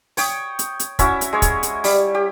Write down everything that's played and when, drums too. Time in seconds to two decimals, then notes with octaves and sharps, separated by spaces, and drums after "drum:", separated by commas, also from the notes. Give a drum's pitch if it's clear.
0.17 C#5 G5 D#6, drum: open hi-hat
0.59 drum: hi-hat
0.80 drum: hi-hat
0.99 C#4 E4 F#4 E5, drum: kick, hi-hat
1.21 drum: hi-hat
1.33 G#3 C#5
1.42 drum: kick, hi-hat
1.63 drum: hi-hat
1.84 G3, drum: open hi-hat
2.15 G4